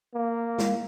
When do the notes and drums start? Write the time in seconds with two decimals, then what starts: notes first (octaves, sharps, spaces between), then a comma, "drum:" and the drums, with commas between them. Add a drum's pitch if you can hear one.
0.14 A#3
0.58 drum: snare G#3